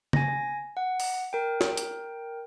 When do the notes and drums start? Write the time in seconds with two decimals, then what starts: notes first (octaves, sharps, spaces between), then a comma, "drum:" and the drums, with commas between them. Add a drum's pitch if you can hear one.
0.13 G#5 A#6, drum: tom
0.77 F#5
1.00 drum: open hi-hat
1.33 A#4 G5
1.61 drum: snare
1.77 drum: hi-hat